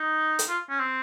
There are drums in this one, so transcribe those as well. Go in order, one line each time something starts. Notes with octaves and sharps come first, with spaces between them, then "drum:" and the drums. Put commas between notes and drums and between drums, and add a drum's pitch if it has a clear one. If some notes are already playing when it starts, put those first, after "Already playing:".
Already playing: D#4
drum: hi-hat
F4
C#4
C4